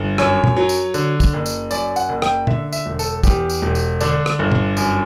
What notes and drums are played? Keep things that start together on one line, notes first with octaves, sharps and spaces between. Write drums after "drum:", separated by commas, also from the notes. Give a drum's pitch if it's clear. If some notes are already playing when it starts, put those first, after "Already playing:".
Already playing: G1
F#2 C#5, drum: rim click
drum: tom
F#3
drum: tambourine
D3, drum: tambourine
drum: kick, tambourine
F#1
drum: tambourine
F#2 D5, drum: tambourine
F#5, drum: tambourine
F#1
G5, drum: rim click
D3 E5, drum: tom
E5, drum: tambourine
E1
A4, drum: tambourine
E2 G4, drum: kick, tambourine
drum: tambourine
E1
drum: tambourine
D3 D4, drum: tambourine
drum: rim click
G1
drum: tom
F#2, drum: tambourine